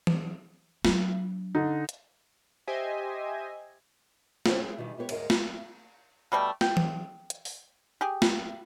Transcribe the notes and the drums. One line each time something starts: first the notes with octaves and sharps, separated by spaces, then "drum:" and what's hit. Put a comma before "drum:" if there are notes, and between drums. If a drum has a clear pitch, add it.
drum: tom E3
F#3 D4, drum: snare
D3 D#4
drum: hi-hat
G4 C5 D#5 E5 G#5
D3 C4 C#4 A4 C5 C#5, drum: snare
G#3
B2 D#3 E3 G3
G#3 B3 G4 C5 C#5
D2 G#2 A#4 D#5, drum: cymbal
drum: snare
B2 G3 A3
G5, drum: snare
drum: tom E3
drum: hi-hat
drum: open hi-hat
G4 G#4
drum: snare